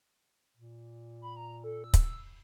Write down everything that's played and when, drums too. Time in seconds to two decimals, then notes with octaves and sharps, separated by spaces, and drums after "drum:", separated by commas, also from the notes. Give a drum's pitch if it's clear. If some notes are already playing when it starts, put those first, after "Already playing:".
0.57 A#2
1.22 B5
1.36 A#5
1.64 A4
1.84 E6
1.94 drum: kick, hi-hat